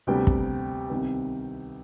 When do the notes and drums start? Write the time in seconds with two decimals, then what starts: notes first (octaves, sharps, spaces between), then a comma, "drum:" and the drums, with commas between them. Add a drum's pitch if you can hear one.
0.07 D2 C3 G3 B3 G5
0.27 drum: kick
0.90 C2 C3 D#3 B3